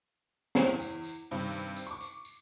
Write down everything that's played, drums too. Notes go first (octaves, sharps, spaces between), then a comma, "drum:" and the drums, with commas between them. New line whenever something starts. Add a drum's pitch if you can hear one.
E2, drum: snare
drum: tambourine
drum: tambourine
G2 C3 D#3
drum: tambourine
drum: tambourine
C#6 D6
drum: tambourine
drum: tambourine